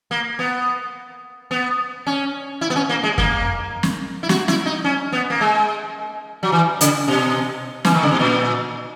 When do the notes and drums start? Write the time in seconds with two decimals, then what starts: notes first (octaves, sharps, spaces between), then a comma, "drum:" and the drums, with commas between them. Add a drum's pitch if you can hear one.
0.11 A#3
0.39 B3
1.51 B3
2.07 C#4
2.61 E4
2.70 B3
2.76 C#4
2.90 A#3
3.03 G#3
3.18 A#3, drum: kick F#2
3.83 drum: snare
4.23 E4
4.29 F#4, drum: snare
4.48 E4, drum: snare
4.66 D#4
4.84 C#4
5.13 B3
5.30 A#3
5.41 G#3
6.43 F#3
6.52 E3
6.81 C#3, drum: hi-hat
7.08 B2
7.85 E3, drum: snare
7.94 D#3
8.03 C#3
8.11 B2
8.19 A#2